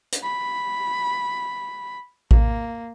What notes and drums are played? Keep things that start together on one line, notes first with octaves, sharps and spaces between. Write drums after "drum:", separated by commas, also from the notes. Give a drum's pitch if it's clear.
drum: hi-hat
B5
A#3, drum: kick A1